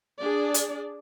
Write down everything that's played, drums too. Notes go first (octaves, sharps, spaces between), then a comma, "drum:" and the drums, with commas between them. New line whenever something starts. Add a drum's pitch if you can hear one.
D4 G#4 D5
drum: hi-hat